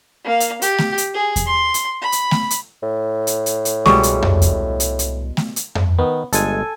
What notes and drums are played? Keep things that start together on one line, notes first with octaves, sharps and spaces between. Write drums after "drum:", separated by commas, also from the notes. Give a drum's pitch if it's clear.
A#3 F5
drum: hi-hat
G4, drum: hi-hat
drum: snare A3
drum: hi-hat
G#4
drum: kick E2, hi-hat
C6
drum: hi-hat
B5
drum: hi-hat
drum: snare A3
drum: hi-hat
A2
drum: hi-hat
drum: hi-hat
drum: hi-hat
C2 B2 G3 G#3 C#6, drum: snare A3
drum: hi-hat
drum: tom F2
drum: kick E2, hi-hat
drum: hi-hat
drum: hi-hat
drum: snare A3
drum: hi-hat
drum: tom F2
D#3 B3
G1 G#3 A4 G#5, drum: hi-hat